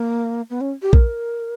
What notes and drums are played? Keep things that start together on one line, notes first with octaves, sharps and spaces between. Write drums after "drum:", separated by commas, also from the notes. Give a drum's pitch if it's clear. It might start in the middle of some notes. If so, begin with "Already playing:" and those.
Already playing: A#3
B3
C#4
G4
A#4, drum: kick A#1